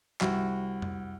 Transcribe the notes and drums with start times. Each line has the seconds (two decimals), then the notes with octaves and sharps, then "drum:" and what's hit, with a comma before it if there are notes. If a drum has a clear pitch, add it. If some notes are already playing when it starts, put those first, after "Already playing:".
0.21 C2 F#4, drum: clap
0.82 drum: tom F2